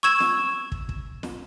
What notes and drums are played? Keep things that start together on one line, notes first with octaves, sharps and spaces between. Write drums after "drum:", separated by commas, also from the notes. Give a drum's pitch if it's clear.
C#6 E6 G#6 E7
drum: snare
drum: kick
drum: kick
drum: snare